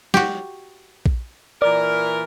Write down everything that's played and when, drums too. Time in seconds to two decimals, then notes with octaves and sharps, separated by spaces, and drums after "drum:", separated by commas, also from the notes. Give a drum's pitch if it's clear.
0.14 F#4 G4, drum: snare
1.06 drum: kick A#1
1.62 A#2 E3 A#4 D5